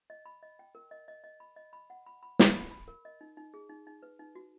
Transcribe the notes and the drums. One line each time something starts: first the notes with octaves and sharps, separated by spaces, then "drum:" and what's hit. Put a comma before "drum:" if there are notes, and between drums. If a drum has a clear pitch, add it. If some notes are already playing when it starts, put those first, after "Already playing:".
D#5
B5
D#5
G5
A#4
D#5
D#5
D#5
B5
D#5
B5
F#5
B5
B5
B5, drum: snare
B5
B5
A#4
D#5
D#4
D#4
G#4
D#4
D#4
B4
D#4
F#4